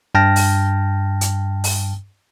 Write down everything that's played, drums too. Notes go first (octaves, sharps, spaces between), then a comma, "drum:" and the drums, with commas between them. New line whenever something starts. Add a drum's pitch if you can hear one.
G2 G5 A5 F6 A#6
drum: open hi-hat
drum: hi-hat
drum: open hi-hat